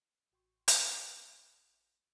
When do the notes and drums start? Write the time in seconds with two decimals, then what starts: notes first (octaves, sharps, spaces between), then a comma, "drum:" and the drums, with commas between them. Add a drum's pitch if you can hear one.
0.32 A1 F#4 G5 C6 C#6
0.68 drum: hi-hat